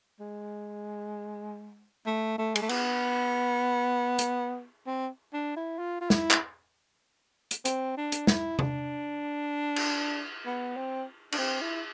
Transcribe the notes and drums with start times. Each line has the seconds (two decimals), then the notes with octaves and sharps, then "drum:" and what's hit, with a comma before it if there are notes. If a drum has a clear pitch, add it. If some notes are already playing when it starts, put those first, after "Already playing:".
0.20 G#3
2.06 A3
2.38 A3
2.55 G#3, drum: cymbal
2.62 A3
2.69 B3, drum: cymbal
4.19 drum: hi-hat
4.86 C4
5.33 D4
5.56 E4
5.79 F4
6.01 F4
6.10 E4, drum: snare
6.31 drum: clap
7.51 drum: hi-hat
7.65 C4, drum: hi-hat
7.97 D4
8.12 drum: hi-hat
8.27 E4, drum: snare
8.59 D4, drum: tom C3
9.76 drum: cymbal
10.46 B3
10.76 C4
11.32 D4, drum: cymbal
11.38 C4
11.62 E4